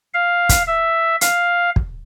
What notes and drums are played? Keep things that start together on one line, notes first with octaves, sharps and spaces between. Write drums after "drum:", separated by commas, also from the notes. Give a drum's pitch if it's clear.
F5
drum: kick, hi-hat
E5
F5, drum: hi-hat
drum: kick